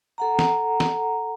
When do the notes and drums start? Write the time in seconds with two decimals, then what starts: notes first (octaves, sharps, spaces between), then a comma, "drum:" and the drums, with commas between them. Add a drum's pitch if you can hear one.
0.18 A4 F#5 A#5
0.39 drum: snare
0.80 drum: snare